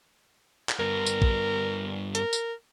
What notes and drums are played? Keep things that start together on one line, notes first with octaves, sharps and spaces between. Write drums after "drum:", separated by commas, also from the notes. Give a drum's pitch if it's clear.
drum: clap
G2 B3 A#4
drum: tambourine
drum: kick A#1
A#4, drum: hi-hat
drum: tambourine